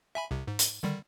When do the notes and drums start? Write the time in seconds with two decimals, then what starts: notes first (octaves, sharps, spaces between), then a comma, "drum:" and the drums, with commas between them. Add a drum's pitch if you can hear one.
0.15 E5 G#5 B5
0.31 C2 C3
0.48 G#2
0.59 drum: hi-hat
0.83 D3 D#3 G3